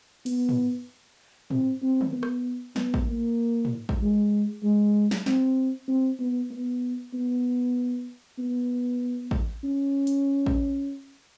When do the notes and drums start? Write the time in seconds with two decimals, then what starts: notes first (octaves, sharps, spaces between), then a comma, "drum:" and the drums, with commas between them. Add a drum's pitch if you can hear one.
0.26 B3, drum: cymbal
0.49 drum: tom
1.51 C4, drum: tom
1.82 C4
2.01 drum: tom
2.13 B3
2.23 drum: rim click
2.76 B3, drum: snare
2.94 drum: kick A1
3.07 A#3
3.65 drum: tom
3.89 drum: kick A1
4.01 G#3
4.63 G#3
5.11 drum: snare
5.26 C4, drum: snare
5.88 C4
6.20 B3
6.51 B3
7.14 B3
8.39 B3
9.31 drum: kick A1
9.64 C#4
10.07 drum: hi-hat
10.46 drum: kick A1